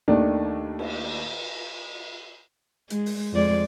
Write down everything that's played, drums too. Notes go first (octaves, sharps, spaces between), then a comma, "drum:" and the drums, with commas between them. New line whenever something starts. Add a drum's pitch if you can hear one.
D#2 D#3 A3 D4
drum: cymbal
G#3, drum: hi-hat
drum: open hi-hat
F2 G#3 D5